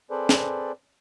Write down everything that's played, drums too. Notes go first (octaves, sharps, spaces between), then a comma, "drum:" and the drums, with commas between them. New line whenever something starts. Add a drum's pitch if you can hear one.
C4 G#4 A4 B4 C5 D5
drum: snare